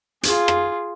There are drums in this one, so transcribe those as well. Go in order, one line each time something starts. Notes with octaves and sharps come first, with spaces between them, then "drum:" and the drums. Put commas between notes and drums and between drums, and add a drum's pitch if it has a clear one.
F4 G#4, drum: hi-hat
drum: rim click